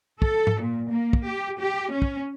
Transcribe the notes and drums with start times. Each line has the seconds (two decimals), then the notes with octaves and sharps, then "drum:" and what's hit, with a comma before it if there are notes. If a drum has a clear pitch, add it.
0.22 A4, drum: kick
0.47 drum: tom G#2
0.61 A#2
0.91 A#3
1.13 drum: kick
1.27 G4
1.60 G4
1.91 C#4
2.02 drum: kick